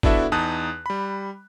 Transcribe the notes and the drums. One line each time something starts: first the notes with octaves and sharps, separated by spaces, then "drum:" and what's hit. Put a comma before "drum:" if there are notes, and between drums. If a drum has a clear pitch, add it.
B3 D4 E4 F#4 A4 E5, drum: kick
E2 D#4 A5 D#6 F#6
G3 B5